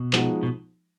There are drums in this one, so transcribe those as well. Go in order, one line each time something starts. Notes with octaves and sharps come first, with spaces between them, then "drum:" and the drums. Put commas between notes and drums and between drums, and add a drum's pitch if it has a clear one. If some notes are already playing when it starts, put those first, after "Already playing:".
Already playing: B2
F3 G#3 B3 D#4 F#4, drum: clap
B2